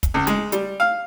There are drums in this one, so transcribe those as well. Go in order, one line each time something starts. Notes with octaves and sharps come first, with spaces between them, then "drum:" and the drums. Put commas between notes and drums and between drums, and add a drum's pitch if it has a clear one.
drum: kick, hi-hat
C#2
G#3, drum: hi-hat
G3, drum: hi-hat
F5